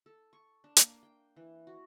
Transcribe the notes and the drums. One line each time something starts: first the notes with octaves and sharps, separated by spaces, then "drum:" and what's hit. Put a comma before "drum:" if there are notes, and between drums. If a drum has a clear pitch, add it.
A4
C#6
D4
A#3, drum: hi-hat
G5
E3
F#4